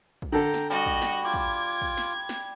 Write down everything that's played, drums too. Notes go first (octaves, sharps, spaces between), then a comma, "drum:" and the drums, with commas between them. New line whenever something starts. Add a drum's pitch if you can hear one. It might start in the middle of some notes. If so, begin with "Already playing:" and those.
drum: kick
D3 A4 G5 A#5
drum: snare
G3 F#4 D#5 A5
drum: kick
drum: snare
F4 G4 D6 G#6
drum: kick
drum: kick
drum: snare
drum: snare